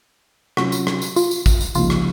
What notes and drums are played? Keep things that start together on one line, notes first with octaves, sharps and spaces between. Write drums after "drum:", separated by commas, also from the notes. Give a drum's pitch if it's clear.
C3 F#3 C#4 F4 F#4, drum: rim click
drum: tambourine
drum: rim click
drum: tambourine
F4, drum: tambourine
drum: tambourine
drum: kick A1, tambourine
drum: tambourine
C#2 C3 F3 A#3 D#4 F4, drum: tambourine
drum: rim click